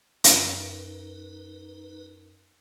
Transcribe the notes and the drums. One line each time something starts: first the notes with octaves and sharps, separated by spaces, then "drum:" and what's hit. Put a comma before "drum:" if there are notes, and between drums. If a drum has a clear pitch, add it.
F#2 D#4 B4, drum: hi-hat